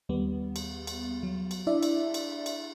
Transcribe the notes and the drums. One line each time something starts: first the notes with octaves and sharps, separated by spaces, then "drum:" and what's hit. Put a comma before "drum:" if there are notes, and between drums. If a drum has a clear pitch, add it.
D#2 G3 B3
drum: cymbal
drum: cymbal
F#3
drum: cymbal
D4 E4 D5 E5
drum: cymbal
drum: cymbal
drum: cymbal